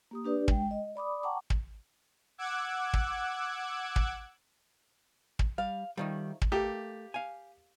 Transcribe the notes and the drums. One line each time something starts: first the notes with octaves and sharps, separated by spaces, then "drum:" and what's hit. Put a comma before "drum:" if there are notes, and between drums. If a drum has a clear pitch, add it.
A#3 G4 D#6
D4 G4 B4 D5
G#3 G5, drum: kick
D#5
D5 B5 D6 D#6
F#5 G5 A5 A#5 C#6 D6
drum: kick
F#5 D6 E6 F#6 G#6
drum: kick
drum: kick
drum: kick
G3 F5
D#3 F3 G3 A3 D#4
drum: kick
A3 A#3 G4
F5 G#5